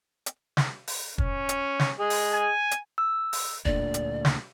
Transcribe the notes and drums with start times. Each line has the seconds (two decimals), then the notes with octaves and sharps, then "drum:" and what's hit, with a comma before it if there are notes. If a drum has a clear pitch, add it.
0.26 drum: hi-hat
0.57 drum: snare
0.88 drum: open hi-hat
1.18 C#4, drum: kick
1.49 drum: hi-hat
1.79 drum: snare
1.99 G#4 D#5
2.10 drum: open hi-hat
2.33 G#5
2.71 drum: hi-hat
2.98 E6
3.33 drum: open hi-hat
3.65 D2 A#2 D3 D5, drum: kick
3.94 drum: hi-hat
4.25 drum: snare